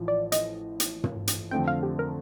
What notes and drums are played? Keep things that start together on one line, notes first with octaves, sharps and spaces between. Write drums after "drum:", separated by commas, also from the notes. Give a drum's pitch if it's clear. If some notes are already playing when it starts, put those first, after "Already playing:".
Already playing: A1 A2 F3
D5
D#5, drum: hi-hat
drum: hi-hat
drum: tom
drum: hi-hat
F2 D3 A3 C4 G5
F5
G4
A#4